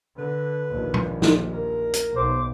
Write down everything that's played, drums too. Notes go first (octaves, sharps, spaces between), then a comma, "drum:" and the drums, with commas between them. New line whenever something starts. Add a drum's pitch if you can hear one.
D3 B4
A#1 D#2
drum: tom A#2
drum: snare
A#4
drum: hi-hat
B1 C5 D6